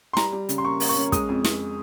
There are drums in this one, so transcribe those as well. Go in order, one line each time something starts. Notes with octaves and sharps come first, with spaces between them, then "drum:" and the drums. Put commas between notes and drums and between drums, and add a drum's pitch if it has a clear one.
C6
G3 A#5, drum: snare
G3
C#3, drum: hi-hat
C6
A#3 C#6
A#3, drum: open hi-hat
C#6
C#4
G#3 D#6, drum: kick, hi-hat
F2
F2, drum: snare